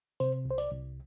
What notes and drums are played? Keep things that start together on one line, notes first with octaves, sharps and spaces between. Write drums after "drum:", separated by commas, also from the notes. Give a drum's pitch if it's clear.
C3 C5, drum: tambourine
C2
C5
D5, drum: tambourine
C2